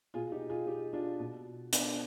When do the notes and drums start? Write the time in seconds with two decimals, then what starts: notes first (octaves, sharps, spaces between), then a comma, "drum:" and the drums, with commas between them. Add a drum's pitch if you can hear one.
0.14 B2 F4 G#4
0.32 D#4 G4
0.49 F4 G#4
0.67 D#4 G4
0.93 D4 F4
1.20 B2
1.73 B3 D4, drum: hi-hat